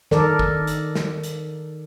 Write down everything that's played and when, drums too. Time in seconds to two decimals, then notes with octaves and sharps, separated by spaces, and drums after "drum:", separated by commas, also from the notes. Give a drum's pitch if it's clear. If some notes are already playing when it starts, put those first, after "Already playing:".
0.11 D#3 A4 A#4 D5, drum: snare
0.39 drum: kick
0.67 drum: hi-hat
0.95 drum: snare
1.23 drum: hi-hat